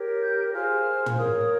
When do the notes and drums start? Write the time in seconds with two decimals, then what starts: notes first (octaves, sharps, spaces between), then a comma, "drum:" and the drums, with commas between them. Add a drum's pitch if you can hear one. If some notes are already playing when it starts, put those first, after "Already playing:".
Already playing: G4 A#4 C#5
0.21 G6
0.53 F4 G#4 C5 F6
1.06 drum: tom
1.17 F4 A#4 C#5 D#6